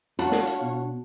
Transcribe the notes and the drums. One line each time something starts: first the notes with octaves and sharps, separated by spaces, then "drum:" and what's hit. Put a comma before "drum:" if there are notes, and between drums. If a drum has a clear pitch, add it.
D4 F4 F#4 C#5 A5, drum: hi-hat
drum: snare
drum: hi-hat
B2